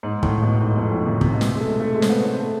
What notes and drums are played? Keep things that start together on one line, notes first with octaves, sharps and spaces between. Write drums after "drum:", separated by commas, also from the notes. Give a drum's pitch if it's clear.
G#2
A2, drum: kick
B2
G#2
F2
A2
C3
C3, drum: kick
B2
C3, drum: snare
G#3
A3
A3
G#3
C4, drum: snare
B3
C4
A3